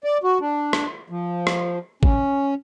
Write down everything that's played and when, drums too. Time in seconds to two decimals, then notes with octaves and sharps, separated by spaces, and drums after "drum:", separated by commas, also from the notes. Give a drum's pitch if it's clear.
0.04 D5
0.24 F#4
0.41 D4
0.73 drum: rim click
1.10 F3
1.47 drum: rim click
2.03 C#4, drum: kick A1